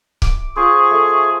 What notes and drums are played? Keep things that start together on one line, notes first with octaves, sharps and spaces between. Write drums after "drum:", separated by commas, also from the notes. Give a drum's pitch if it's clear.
D6, drum: kick C#1
F4 G#4 C5 C#6
A3 A4